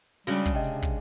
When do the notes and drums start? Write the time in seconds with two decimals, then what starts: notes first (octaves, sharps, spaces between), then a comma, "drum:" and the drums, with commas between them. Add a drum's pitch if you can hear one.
0.27 C#3 G3 G#3 D4 F#4 A#6 F#7, drum: hi-hat
0.46 drum: kick, hi-hat
0.55 C3 D#5 G5
0.64 drum: hi-hat
0.82 drum: kick, open hi-hat